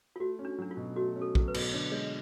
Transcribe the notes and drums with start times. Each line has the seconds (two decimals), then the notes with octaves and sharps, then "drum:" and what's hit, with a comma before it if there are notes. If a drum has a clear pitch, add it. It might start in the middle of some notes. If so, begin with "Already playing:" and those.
0.16 F4
0.20 A3 F#4
0.39 C#4
0.45 D4
0.59 F#3 D4
0.71 F4
0.77 B2
0.96 A3 F#4
1.15 C#4
1.22 A4
1.35 F#3, drum: kick
1.48 B4
1.54 B2, drum: cymbal
1.72 D3 C#5
1.92 G#3 C#5